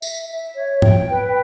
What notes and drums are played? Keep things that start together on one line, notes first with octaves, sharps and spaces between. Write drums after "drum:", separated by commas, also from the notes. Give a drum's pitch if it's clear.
E5, drum: tambourine
E5
C#5
G5, drum: tom
B4